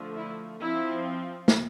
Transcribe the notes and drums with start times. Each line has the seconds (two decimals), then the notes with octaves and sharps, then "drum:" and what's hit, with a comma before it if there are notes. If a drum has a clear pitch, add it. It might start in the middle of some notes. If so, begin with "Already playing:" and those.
Already playing: D3 F3 A3
0.15 E4
0.61 F3 C4 E4
1.48 drum: snare